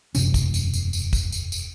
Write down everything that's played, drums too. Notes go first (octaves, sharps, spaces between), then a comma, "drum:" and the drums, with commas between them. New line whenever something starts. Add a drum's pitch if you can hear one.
E1 F#2 C3 C#4, drum: tambourine
drum: kick, tambourine
drum: tambourine
drum: tambourine
drum: tambourine
drum: kick, tambourine
drum: tambourine
drum: tambourine